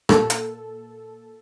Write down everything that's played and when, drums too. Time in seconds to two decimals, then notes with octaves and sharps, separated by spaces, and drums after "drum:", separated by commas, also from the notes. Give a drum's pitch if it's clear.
0.09 A#2 A4, drum: rim click
0.30 drum: hi-hat